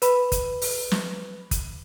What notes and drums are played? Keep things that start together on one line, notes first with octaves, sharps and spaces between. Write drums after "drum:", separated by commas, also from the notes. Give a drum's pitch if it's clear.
B4 B5, drum: hi-hat
drum: kick, hi-hat
drum: open hi-hat
drum: snare
drum: kick, hi-hat